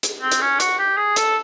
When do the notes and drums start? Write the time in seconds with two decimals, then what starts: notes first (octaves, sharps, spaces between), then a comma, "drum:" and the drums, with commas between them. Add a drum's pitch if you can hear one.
0.03 drum: hi-hat
0.22 C4
0.32 drum: hi-hat
0.41 C#4
0.60 F#4, drum: hi-hat
0.79 G4
0.97 G#4
1.16 A4, drum: hi-hat